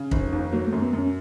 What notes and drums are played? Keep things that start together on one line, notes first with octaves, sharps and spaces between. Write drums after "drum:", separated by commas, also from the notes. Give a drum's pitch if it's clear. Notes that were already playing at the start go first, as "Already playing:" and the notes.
Already playing: C#3
F1, drum: kick
D#2
F#3 A#3
F#2 A3
B3
F#2
C#4